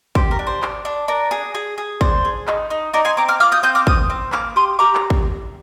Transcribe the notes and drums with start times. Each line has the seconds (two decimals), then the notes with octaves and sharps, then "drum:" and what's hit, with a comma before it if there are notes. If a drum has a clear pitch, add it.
0.15 G4 C5, drum: kick
0.31 A#4
0.39 D4
0.47 C5
0.62 D4, drum: clap
0.85 D4
1.08 D4 A#4
1.31 G#4
1.55 G#4
1.78 G#4
2.01 D4 C5, drum: kick
2.25 G#4
2.48 D#4, drum: clap
2.70 D#4
2.93 D#4 A#4 D5
3.05 G#5 C6
3.17 C4 A#5 D6
3.28 D6 F6
3.40 F4 D6 F6
3.52 D#6 G6
3.63 C4 D#6 G6
3.75 D6 F6
3.87 C4 D#6 G6, drum: kick
4.10 C4
4.32 A#3 D6 F6, drum: clap
4.56 G4 C6 D#6
4.79 G4 A#5 D6
4.95 drum: clap
5.10 drum: kick